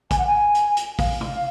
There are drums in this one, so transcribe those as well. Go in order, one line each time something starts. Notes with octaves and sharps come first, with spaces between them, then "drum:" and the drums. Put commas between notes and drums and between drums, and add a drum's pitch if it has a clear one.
G#5, drum: kick, hi-hat
F#5
G#5
drum: hi-hat
drum: hi-hat
F5, drum: kick, open hi-hat
drum: tom